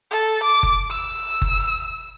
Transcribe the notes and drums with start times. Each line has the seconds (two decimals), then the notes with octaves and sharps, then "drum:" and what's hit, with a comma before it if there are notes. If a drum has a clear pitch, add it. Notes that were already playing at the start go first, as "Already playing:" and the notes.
0.11 A4
0.43 D6
0.63 drum: kick F#1
0.90 E6
1.42 drum: kick F#1